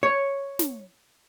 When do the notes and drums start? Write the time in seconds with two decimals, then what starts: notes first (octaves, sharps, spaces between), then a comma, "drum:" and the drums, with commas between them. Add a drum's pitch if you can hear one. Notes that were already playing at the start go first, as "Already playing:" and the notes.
0.03 C#5
0.59 drum: snare